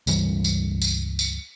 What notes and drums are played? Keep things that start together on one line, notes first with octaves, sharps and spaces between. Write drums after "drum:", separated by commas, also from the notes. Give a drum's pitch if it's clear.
C#2 G2 E3 G3, drum: tambourine
drum: tambourine
drum: tambourine
drum: tambourine